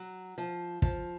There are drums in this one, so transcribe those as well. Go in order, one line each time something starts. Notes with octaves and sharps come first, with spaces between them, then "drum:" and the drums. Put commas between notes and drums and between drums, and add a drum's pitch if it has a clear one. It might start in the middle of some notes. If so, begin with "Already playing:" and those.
Already playing: F#3
F3
F3, drum: kick